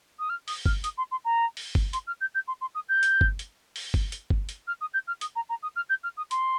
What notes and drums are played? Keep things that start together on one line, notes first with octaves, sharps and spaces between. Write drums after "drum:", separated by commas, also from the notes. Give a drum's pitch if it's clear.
D#6
F6
D#6, drum: open hi-hat
F6, drum: kick G1
D#6, drum: hi-hat
C6
C6
A#5
drum: open hi-hat
drum: kick G1
C6, drum: hi-hat
F6
G6
G6
C6
C6
D#6
G6
drum: hi-hat
drum: kick G1
drum: hi-hat
drum: open hi-hat
drum: kick G1
drum: hi-hat
drum: kick G1
drum: hi-hat
F6
D#6
G6
F6
D#6, drum: hi-hat
A#5
A#5
D#6
F6
G6
F6
D#6
C6, drum: hi-hat